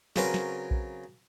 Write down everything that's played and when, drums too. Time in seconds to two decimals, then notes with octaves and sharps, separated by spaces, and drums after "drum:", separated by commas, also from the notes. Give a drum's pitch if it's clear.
0.16 C#3 F#3 C4 C#4 A#4 B4, drum: snare
0.34 drum: snare
0.71 drum: kick A#1